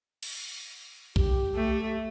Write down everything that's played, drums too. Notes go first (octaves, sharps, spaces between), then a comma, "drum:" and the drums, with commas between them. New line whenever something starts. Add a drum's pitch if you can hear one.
drum: cymbal
G4, drum: kick B1
A3